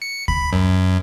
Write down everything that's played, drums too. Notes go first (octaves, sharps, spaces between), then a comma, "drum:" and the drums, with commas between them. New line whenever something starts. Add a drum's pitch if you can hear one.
C#7
B5, drum: kick D2
F#2